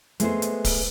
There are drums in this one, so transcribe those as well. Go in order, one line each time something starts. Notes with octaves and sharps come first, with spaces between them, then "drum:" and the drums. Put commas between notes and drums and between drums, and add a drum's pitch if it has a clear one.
G#3 A3 B3 C5, drum: hi-hat
drum: hi-hat
drum: kick D1, open hi-hat